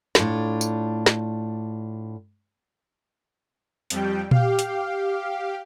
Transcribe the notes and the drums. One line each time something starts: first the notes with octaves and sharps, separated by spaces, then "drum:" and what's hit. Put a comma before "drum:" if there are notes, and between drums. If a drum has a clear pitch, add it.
A2 D4 F4, drum: snare
drum: tambourine
drum: snare
F2 G3 G5, drum: hi-hat
G4 F5, drum: tom A#2
drum: hi-hat